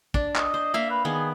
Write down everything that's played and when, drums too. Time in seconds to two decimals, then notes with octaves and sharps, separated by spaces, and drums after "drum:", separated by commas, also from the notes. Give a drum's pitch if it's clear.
0.14 D4, drum: kick
0.36 D#5, drum: clap
0.54 C5
0.74 A#3 E5 F5
0.90 B4
1.05 D#3 B3 G#4